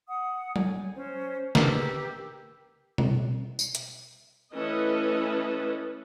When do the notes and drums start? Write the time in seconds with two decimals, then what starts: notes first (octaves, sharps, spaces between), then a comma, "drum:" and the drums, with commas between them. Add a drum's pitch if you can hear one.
0.08 F#5 D#6
0.56 G#5, drum: tom F#3
0.95 C#4 C5
1.55 G4 A#4 B4 E6, drum: snare
2.98 drum: tom B2
3.59 drum: tambourine
3.75 drum: hi-hat
4.54 E3 A3 C#4 A4 B4 D#5